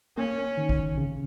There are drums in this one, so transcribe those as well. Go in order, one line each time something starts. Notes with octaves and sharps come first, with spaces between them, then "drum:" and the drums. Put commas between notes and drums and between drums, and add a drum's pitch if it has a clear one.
A#3 C#4
D#3
drum: kick A1
C#3